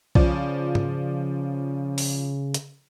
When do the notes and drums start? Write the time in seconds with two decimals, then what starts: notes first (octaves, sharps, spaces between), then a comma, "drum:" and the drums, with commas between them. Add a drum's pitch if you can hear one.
0.15 C#3 F3 D5, drum: kick B1
0.75 drum: tom G#2
1.98 drum: open hi-hat
2.54 drum: hi-hat